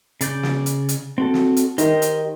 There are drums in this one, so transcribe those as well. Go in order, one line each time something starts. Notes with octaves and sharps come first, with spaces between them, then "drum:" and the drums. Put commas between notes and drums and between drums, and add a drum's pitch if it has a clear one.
C#3 D5 G6, drum: hi-hat
drum: snare
drum: hi-hat
drum: hi-hat
C4 F#4 A4
drum: snare
drum: hi-hat
D#3 G4 C5 D#5, drum: hi-hat
drum: hi-hat